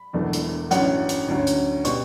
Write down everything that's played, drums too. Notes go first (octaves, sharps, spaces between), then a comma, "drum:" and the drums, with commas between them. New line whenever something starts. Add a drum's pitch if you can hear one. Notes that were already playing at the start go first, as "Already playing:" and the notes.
Already playing: B5
E1 E2 B2 A3 D4
drum: hi-hat
A1 G2 F#3 C#4 F#5, drum: hi-hat
drum: hi-hat
D2 D3 F#3 C#4
drum: hi-hat
B2 G3 C#6, drum: hi-hat